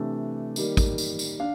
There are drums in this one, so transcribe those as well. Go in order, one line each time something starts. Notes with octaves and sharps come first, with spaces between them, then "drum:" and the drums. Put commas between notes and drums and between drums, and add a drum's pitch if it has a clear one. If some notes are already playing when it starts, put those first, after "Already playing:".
Already playing: C3 E3 A3 D4
D#3 G3 A#3, drum: tambourine
drum: kick, tambourine
drum: tambourine
drum: tambourine
D4 F5